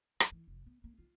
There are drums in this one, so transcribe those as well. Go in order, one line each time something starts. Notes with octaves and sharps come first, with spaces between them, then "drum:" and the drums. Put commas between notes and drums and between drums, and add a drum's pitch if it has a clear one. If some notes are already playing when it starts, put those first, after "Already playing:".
F#3, drum: rim click
E3
F1
B3
A#3
F4